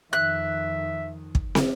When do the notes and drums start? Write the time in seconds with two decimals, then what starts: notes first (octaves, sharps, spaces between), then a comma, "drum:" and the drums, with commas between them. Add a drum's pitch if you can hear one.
0.13 F2 D#3 E5 F#6
1.35 drum: kick
1.55 drum: snare